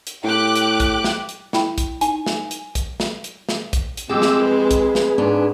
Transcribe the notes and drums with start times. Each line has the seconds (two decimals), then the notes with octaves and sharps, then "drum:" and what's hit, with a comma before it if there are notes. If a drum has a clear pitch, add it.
0.07 drum: hi-hat
0.24 A2 G4 D6 F#6
0.56 drum: hi-hat
0.80 drum: kick A#1, hi-hat
1.04 drum: snare
1.29 drum: hi-hat
1.53 E4 G5 B5, drum: snare
1.78 drum: kick A#1, hi-hat
2.01 D#4 G#5, drum: hi-hat
2.26 drum: snare
2.51 drum: hi-hat
2.75 drum: kick A#1, hi-hat
3.00 drum: snare
3.24 drum: hi-hat
3.49 drum: snare
3.73 drum: kick A#1, hi-hat
3.97 drum: hi-hat
4.10 F2 G#3 C4 G4 G#4 D6 E6
4.22 drum: snare
4.41 G#4 B4
4.71 drum: kick A#1, hi-hat
4.95 drum: snare
5.18 G#2 C#4 D4